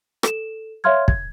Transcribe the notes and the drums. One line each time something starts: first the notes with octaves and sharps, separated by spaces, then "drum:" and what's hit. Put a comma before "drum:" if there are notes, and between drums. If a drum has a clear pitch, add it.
A4 E7, drum: rim click
C#5 E5 F5 C6 F6 G#6
G#6, drum: kick